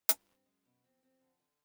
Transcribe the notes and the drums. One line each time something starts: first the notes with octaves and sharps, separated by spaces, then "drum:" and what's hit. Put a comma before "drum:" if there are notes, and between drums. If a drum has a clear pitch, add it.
G2 F4, drum: hi-hat
C4
F#2 G#3
B2
F2 C4
F2 C4
D3
D3